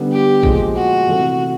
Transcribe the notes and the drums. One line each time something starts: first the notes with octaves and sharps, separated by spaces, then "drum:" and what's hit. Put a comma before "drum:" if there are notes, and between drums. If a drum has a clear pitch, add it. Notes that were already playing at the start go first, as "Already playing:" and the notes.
Already playing: D3 G3 B3
G4
A#2 F3 G#3, drum: kick
F#4
C3 E3 A3